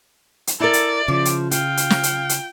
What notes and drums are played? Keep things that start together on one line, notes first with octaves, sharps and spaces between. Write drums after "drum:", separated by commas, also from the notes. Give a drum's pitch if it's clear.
drum: hi-hat
E4 A4 A#4 D5
drum: hi-hat
C#3 F3 D6
drum: hi-hat
F4 F5 G5, drum: hi-hat
drum: hi-hat
drum: snare
drum: hi-hat
drum: hi-hat